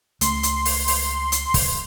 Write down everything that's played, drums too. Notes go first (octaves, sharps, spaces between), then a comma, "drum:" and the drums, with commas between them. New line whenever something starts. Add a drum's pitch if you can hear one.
C#2 A3 C6, drum: hi-hat
drum: hi-hat
drum: open hi-hat
drum: open hi-hat
drum: hi-hat
drum: kick, open hi-hat